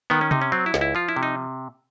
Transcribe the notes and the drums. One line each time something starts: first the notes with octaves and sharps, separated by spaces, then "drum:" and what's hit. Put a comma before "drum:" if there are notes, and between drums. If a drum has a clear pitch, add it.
D#3 B3
C#4
C3 D#4, drum: tom C3
C#4
F#3 C4
E4
C#2, drum: snare
E4
F3 F4
E4
C3
D#4